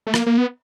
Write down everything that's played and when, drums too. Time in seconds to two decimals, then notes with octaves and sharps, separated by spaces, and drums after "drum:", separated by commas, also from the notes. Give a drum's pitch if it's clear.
0.07 A3
0.14 A#3, drum: rim click
0.26 A#3
0.38 B3